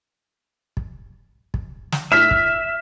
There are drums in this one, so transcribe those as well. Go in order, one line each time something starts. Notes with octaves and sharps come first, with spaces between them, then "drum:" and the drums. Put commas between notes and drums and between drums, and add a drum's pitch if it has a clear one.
drum: kick
drum: kick
drum: snare
E5 F6 B6
drum: kick